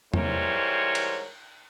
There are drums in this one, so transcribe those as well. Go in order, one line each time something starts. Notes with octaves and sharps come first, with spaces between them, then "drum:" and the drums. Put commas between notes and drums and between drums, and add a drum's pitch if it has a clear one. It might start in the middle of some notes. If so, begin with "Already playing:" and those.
G#2 E3 G3 A#4 C5 C#5, drum: tom
drum: cymbal